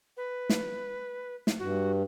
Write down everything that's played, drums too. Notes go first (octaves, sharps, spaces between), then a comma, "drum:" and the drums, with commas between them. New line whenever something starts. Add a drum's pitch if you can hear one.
B4
drum: snare
drum: snare
G2 F#4